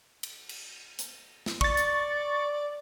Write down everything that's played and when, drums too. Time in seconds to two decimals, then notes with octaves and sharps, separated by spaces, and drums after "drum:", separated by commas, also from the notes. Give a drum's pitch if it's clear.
0.23 drum: cymbal
0.49 drum: cymbal
0.99 drum: hi-hat
1.46 drum: snare
1.61 D5 C#6 A6, drum: kick
1.77 drum: hi-hat